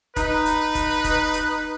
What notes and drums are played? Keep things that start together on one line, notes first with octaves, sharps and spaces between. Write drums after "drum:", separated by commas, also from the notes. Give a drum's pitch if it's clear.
D#4 B4, drum: kick E1, hi-hat
drum: hi-hat
drum: kick E1, hi-hat
drum: kick E1, hi-hat
drum: hi-hat